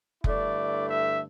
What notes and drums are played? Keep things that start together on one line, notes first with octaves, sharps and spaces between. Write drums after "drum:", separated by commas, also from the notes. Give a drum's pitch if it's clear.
G2 D3 A3 E4 D5, drum: kick F1
E5